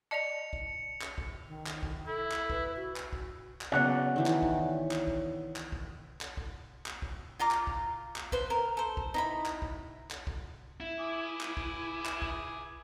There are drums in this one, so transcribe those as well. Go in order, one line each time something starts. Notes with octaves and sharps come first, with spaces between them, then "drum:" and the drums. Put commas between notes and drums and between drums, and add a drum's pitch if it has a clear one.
D5 D#5 A5 C#7 F7
drum: kick
drum: clap
drum: kick
D#3
drum: clap
drum: kick
E4 A4
drum: clap
B4, drum: kick
F#4
drum: clap
drum: kick
drum: clap
C#3 F#3 B3 C#5 D5 F#5
D#3 E3 G4
drum: clap
drum: kick
drum: clap
drum: kick
drum: clap
drum: kick
drum: clap
drum: kick
drum: clap
drum: kick
F4 F5 A#5 D6
drum: clap
drum: kick
drum: clap
B4 C5, drum: kick
A#4
A4 C5
drum: kick
D#4 E4 B5
drum: clap
drum: kick
drum: clap
drum: kick
E4
G#5 D6 D#6
drum: clap
drum: kick
drum: clap
drum: kick